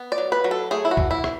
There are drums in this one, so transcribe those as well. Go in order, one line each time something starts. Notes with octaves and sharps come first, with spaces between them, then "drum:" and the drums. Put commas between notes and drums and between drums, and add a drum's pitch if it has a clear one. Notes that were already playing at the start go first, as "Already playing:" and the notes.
Already playing: B3
D5
F#3
B4
F#3
A4
A3 G#4
E4
F#4
E3, drum: kick
E4
E3, drum: rim click